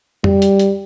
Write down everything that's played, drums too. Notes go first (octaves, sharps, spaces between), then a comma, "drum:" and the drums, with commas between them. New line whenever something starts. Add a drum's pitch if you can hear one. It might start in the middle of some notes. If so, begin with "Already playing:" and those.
G3, drum: tom F2
drum: hi-hat
drum: hi-hat